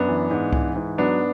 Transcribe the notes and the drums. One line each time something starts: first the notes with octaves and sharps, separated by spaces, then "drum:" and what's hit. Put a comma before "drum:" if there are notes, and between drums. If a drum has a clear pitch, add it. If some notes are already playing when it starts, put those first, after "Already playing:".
Already playing: F#2 B3 D4
E3
G#2
E3, drum: kick C2
G#2
F#3 B3 D4